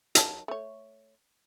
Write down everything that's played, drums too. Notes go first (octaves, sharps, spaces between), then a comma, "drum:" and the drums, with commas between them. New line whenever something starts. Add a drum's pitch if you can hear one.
D#3 F#3 A5, drum: hi-hat
A3 C#5